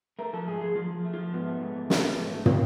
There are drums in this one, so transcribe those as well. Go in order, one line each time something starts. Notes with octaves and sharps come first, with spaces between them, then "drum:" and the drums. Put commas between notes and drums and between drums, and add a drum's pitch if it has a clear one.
A3 A#4
F3 A4
G#2 G#4
F3 G#4
F3 F4
F3
A3
F3 F4
G#2 B3
A3
G#2
G#2
A3, drum: snare
G#2
G#2
A3
C4, drum: tom